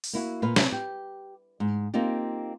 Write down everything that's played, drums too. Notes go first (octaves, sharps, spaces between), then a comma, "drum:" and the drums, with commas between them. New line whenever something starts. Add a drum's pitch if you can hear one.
drum: open hi-hat
A#3 E4 F#4
A#2 B4 F5
C3 C#4, drum: snare
G4
G#2
A#3 C4 D#4 F4 G4